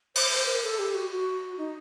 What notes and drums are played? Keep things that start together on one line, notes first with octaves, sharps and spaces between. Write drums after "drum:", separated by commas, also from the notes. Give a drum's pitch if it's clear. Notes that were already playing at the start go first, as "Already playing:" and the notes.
C5, drum: cymbal
C5, drum: open hi-hat
A#4
A4
G4
F#4
F#4
D#4